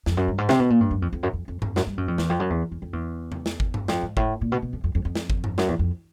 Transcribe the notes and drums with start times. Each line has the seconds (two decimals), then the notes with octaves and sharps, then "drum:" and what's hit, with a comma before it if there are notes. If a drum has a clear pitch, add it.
0.06 F2, drum: snare
0.17 F#2
0.28 G2
0.38 G#2
0.49 C3, drum: snare
0.60 B2
0.70 A#2
0.81 G2
0.91 F#2
1.02 F2
1.13 F2
1.23 F#2
1.33 F2
1.48 F2
1.62 F2, drum: tom G2
1.76 F#2, drum: snare
1.87 G2
1.97 F#2
2.08 F2
2.18 E2, drum: snare
2.29 F2
2.40 F#2
2.50 E2
2.72 E2
2.82 F2
2.93 E2
3.32 drum: tom E2
3.46 drum: snare
3.60 drum: kick G1
3.74 drum: tom G2
3.88 F2, drum: snare
4.02 G#2
4.17 A2, drum: kick G1
4.41 A#2
4.52 B2
4.62 B2
4.73 F2
4.84 F2
4.95 F2
5.05 F2
5.15 drum: snare
5.30 drum: kick G1
5.44 drum: tom G2
5.58 F#2, drum: snare
5.69 E2
5.79 F2